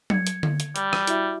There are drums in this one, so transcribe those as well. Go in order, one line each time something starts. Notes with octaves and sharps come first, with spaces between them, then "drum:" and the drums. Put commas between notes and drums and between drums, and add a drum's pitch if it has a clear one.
G#6 C#7, drum: tom F#3
drum: hi-hat
drum: tom D3
drum: hi-hat
G3, drum: hi-hat
drum: rim click
E4 F#4 E5, drum: hi-hat